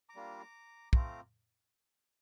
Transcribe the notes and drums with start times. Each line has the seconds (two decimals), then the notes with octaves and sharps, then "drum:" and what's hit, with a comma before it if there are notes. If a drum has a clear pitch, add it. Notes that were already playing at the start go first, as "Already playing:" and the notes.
0.09 A#5 D6
0.15 G3 A#3 D4 F4
0.93 A3 C4 F4 A#5 D6, drum: kick